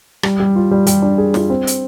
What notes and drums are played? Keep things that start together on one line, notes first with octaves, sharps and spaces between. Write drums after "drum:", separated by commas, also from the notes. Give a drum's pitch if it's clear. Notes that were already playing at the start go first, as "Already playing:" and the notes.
G3, drum: rim click
G3
F4
G3
G3, drum: hi-hat
D4
G#4
F4, drum: snare
C4
drum: hi-hat